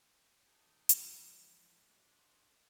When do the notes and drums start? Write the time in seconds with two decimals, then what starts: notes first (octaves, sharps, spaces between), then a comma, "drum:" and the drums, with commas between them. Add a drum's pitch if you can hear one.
0.48 D#3 D#4 A4 G#5
0.89 E3 F3 G#3, drum: hi-hat
1.81 F#3 G#3 A3 D4
2.11 F#4 C5 D#5